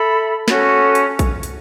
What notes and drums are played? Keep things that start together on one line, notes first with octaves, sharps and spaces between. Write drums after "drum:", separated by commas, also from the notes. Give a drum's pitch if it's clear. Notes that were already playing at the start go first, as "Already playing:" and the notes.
Already playing: A4 E5 B5
C#4 F#4 A4, drum: snare
drum: hi-hat
drum: kick A#1, hi-hat
drum: hi-hat